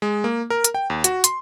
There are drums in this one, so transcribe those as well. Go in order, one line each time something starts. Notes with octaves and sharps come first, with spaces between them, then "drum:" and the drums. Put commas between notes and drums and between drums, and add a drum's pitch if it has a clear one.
G#3
A#3
A#4
drum: hi-hat
G5
D#2
F#4, drum: hi-hat
C6, drum: hi-hat